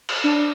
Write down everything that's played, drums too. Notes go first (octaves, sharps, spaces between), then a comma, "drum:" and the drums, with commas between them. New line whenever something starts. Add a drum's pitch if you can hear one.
drum: cymbal
D4